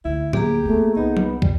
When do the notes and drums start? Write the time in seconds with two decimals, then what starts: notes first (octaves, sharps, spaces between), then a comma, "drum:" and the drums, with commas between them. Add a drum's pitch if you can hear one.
0.05 D2 E4
0.33 A#3 G4 G#4 A#5, drum: tom A2
0.65 A3 B3 F4
0.96 C2 B3 D#4
1.17 drum: tom F#3
1.42 G3, drum: kick